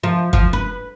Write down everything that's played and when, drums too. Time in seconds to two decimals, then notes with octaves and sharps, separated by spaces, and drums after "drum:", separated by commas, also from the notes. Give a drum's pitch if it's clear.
0.03 F3
0.33 F3, drum: kick
0.53 B4